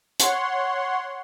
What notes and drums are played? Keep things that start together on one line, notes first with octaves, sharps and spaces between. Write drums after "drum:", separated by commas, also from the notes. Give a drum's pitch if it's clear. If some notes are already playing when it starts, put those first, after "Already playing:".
C#5 F#5 C6, drum: hi-hat